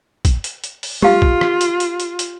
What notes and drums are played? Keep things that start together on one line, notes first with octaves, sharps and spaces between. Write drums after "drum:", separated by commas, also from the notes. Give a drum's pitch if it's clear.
drum: kick, hi-hat
drum: hi-hat
drum: hi-hat
drum: open hi-hat
F4 G4 F5, drum: tom
drum: kick
drum: rim click
drum: hi-hat
drum: hi-hat
drum: hi-hat
drum: hi-hat